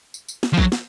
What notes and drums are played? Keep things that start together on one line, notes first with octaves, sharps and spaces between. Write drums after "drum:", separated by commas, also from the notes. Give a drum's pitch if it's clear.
drum: tambourine
drum: tambourine
drum: snare
F3
F#3, drum: kick
drum: snare